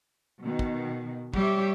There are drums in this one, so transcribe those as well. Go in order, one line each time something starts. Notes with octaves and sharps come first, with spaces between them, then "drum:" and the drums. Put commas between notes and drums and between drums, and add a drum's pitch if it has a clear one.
B2 D#3
drum: kick
G3 G4 C#5 E5, drum: kick